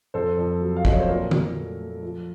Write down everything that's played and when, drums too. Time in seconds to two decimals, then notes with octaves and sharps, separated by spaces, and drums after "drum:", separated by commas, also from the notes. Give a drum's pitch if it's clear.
0.14 F2 A4 C5
0.37 F2
0.61 F#3
0.76 F5
0.85 F#3 D#5, drum: kick
0.93 C#5
1.00 C5
1.09 A#2 A#4
1.31 A#2, drum: tom D3
1.56 A3
1.80 A3
2.03 F3